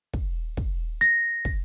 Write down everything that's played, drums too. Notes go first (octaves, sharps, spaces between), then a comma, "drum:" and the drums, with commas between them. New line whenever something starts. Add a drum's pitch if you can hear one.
drum: kick
drum: kick
A#6
drum: kick